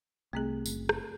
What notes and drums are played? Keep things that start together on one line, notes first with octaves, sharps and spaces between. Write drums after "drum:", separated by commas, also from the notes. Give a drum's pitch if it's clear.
C2 A3 C4 G#4
F#1, drum: tambourine
drum: rim click